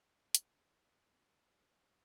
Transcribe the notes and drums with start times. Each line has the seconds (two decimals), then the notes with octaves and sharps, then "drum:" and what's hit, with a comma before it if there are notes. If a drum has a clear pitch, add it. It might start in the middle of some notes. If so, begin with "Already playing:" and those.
0.20 F1
0.35 A#2, drum: hi-hat
0.52 G2
0.65 F#1
0.76 E2
0.96 G#1
1.18 G1
1.31 D#1
1.46 F2
1.62 G2
1.87 F2